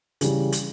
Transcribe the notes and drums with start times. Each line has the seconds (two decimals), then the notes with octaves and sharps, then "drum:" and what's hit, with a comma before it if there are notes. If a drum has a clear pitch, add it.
0.21 C#3 E3 G3, drum: hi-hat
0.52 drum: hi-hat